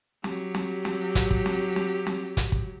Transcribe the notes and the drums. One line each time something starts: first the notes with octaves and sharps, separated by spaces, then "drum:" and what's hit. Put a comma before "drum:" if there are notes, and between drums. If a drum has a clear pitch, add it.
F#3 G4, drum: snare
drum: snare
drum: snare
drum: kick, hi-hat
drum: kick
drum: snare
drum: snare
drum: snare
drum: kick, hi-hat
drum: kick